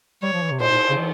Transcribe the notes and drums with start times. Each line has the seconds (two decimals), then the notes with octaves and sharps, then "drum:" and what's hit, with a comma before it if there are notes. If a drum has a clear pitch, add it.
0.23 G3 C#5
0.33 F3
0.42 E3
0.52 C3
0.60 A#2 C5, drum: cymbal
0.71 A#2
0.90 C#3
0.98 E3